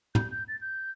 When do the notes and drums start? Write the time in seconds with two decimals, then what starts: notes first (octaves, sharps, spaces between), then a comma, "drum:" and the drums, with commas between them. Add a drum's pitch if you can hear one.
0.15 G6, drum: tom
0.31 G6
0.48 A6
0.61 G6